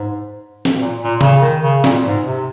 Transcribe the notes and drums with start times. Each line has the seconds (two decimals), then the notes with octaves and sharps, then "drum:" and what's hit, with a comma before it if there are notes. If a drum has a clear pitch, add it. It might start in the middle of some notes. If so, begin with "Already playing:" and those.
Already playing: G#2
0.65 drum: snare
0.80 A#2
1.01 A#2
1.21 C#3, drum: tom
1.41 D#3
1.62 C#3
1.84 A#2, drum: snare
2.05 G#2
2.26 C3